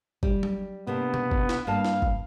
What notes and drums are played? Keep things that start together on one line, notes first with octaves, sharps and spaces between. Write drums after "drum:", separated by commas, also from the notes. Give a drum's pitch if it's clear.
G3, drum: kick
drum: tom F#3
C3 A#3 B3 D4
drum: tom B2
drum: kick
drum: snare
G2 A#3 F5 A5
drum: snare
drum: kick